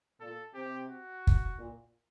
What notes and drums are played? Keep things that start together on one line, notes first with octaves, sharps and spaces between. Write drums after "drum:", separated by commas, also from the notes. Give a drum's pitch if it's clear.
A#2 A4
C3 G4
F#4
drum: kick
A#2